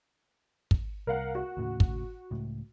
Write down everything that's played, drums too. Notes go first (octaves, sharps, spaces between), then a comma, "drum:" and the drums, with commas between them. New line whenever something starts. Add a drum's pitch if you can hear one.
drum: kick
C2 A#4 F5 F#5
F#4
D#2 A2 C#3
drum: kick
C#2 A2